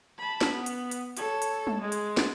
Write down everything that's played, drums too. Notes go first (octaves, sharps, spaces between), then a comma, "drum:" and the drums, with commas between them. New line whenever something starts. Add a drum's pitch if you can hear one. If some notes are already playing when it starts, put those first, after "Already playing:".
A5 B5
drum: snare
B3
drum: hi-hat
drum: hi-hat
A4 C#5, drum: hi-hat
drum: hi-hat
drum: tom G3
G#3
drum: hi-hat
drum: snare